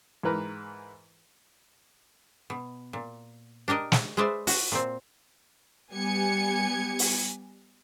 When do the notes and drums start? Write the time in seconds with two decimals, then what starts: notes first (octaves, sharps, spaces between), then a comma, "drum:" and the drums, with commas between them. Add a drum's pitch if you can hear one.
0.23 G#2 E3 A#4 B4 A#5
2.50 B2
2.93 A#2
3.68 D4 G4 A#4 D#5
3.92 drum: snare
4.17 G#3 B4 C5 D5 E5
4.47 F#4 C#5, drum: open hi-hat
4.72 A#2 C4
5.92 G3 B3 G4 G#5 G#6 C#7
6.99 drum: open hi-hat